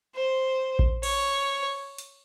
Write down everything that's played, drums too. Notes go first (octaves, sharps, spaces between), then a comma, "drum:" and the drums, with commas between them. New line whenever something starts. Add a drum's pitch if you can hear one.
C5
drum: kick A#1
C#5, drum: cymbal
drum: hi-hat